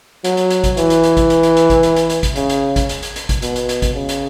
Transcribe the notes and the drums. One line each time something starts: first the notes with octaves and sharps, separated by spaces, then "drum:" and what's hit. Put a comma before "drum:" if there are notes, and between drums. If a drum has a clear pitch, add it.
F#3, drum: hi-hat
drum: hi-hat
drum: hi-hat
drum: kick G#1, hi-hat
E3, drum: hi-hat
drum: hi-hat
drum: hi-hat
drum: kick G#1, hi-hat
drum: hi-hat
drum: hi-hat
drum: hi-hat
drum: kick G#1, hi-hat
drum: hi-hat
drum: hi-hat
drum: hi-hat
drum: kick G#1, hi-hat
C#3, drum: hi-hat
drum: hi-hat
drum: kick G#1, hi-hat
drum: hi-hat
drum: hi-hat
drum: hi-hat
drum: kick G#1, hi-hat
B2, drum: hi-hat
drum: hi-hat
drum: hi-hat
drum: kick G#1, hi-hat
C#3
drum: hi-hat